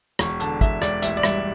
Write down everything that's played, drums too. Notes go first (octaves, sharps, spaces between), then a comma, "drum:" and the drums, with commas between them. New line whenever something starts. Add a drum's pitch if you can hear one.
E1 C#6, drum: rim click
D3 A5, drum: hi-hat
E1 E5, drum: kick, hi-hat
E1 D5, drum: rim click
A1 E5, drum: hi-hat
D5
G2 E5, drum: rim click